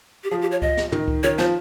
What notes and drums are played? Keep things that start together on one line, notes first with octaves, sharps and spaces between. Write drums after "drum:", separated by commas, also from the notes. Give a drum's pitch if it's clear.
G4
F3 G#4
G4
C#5
D#5, drum: kick C#2
drum: snare
D#3, drum: tom
drum: kick C#2
D#3 C#5
F3 C5, drum: snare